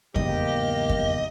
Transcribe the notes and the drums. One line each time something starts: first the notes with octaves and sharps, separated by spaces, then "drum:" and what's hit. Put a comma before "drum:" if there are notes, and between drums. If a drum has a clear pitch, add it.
F#1 E2 G#2 A#3 G4 D#5, drum: kick F2
drum: kick F2